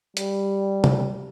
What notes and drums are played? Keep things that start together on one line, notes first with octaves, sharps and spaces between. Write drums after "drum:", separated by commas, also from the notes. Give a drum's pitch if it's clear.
G3, drum: hi-hat
drum: tom